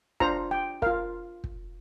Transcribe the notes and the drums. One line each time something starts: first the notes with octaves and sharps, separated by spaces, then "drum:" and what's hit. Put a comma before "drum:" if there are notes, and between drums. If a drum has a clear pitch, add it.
D4 F4 C5 A#5, drum: kick
G5
F4 A#4 F5, drum: kick
drum: kick